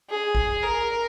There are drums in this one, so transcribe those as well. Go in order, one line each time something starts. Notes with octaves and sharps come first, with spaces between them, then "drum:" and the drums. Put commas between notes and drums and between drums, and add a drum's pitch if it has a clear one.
G#4
drum: kick
A#4